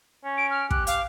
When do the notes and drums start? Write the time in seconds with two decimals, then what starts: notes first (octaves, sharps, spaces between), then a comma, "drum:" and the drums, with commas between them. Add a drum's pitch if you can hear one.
0.25 C#4
0.37 D7
0.51 F6
0.71 G4 F#6, drum: kick
0.87 F5, drum: hi-hat